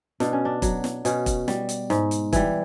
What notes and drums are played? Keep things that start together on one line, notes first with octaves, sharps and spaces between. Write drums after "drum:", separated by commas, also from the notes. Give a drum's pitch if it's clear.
B2 D4, drum: snare
C#4
D4
F#3, drum: kick E1, hi-hat
drum: snare
B2 C#4, drum: hi-hat
drum: kick E1, hi-hat
G3, drum: snare
drum: hi-hat
G#2, drum: snare
drum: hi-hat
E3 G3, drum: kick E1, hi-hat